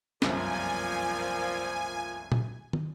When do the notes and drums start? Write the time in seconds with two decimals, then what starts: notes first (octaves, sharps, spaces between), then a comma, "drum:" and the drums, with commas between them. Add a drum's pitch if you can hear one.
0.22 G1 C2 F#2 A#2 F3 G#5, drum: snare
2.32 drum: tom A#2
2.73 drum: tom